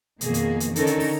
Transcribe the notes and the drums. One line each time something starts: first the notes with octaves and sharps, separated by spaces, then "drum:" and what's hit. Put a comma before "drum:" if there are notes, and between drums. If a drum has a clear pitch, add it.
F2 B2 D#3 A#3 G#4, drum: hi-hat
drum: hi-hat
drum: hi-hat
D3 D#3 C#4 D#4 A4 A#4, drum: hi-hat
drum: hi-hat
drum: open hi-hat